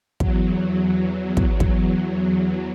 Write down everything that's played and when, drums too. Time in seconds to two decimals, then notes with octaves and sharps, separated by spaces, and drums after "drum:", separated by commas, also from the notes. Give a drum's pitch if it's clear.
0.20 E2 F#3, drum: kick
1.37 drum: kick
1.60 drum: kick